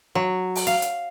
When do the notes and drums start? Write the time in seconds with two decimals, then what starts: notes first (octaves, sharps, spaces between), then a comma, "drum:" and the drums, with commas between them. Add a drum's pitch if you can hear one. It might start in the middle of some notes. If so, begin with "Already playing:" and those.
0.15 F#3
0.55 drum: open hi-hat
0.67 F5, drum: hi-hat
0.82 drum: hi-hat